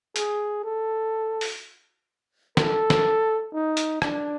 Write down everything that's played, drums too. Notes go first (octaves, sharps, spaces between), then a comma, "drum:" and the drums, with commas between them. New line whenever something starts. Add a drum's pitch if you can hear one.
G#4, drum: hi-hat
A4
drum: open hi-hat
A4, drum: snare
drum: snare
D#4
drum: hi-hat
D4, drum: rim click